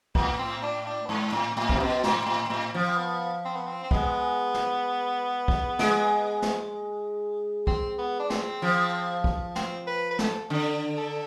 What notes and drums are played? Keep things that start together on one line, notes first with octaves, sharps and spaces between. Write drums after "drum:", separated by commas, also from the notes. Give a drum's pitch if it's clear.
A2 B3, drum: kick
C4
D4
D4
B3
G#2 C4
A2
A2 C4
C3 B3, drum: kick
B2 C4
A2, drum: snare
A2
A2
F3
C4
B3
C4
B3
C4
C4
G#3 B3, drum: kick
drum: snare
drum: kick
G#3, drum: snare
drum: snare
C4, drum: kick
B3
D4
C4, drum: snare
F3
drum: kick
C4, drum: snare
B4
B4
A4, drum: snare
D3
A4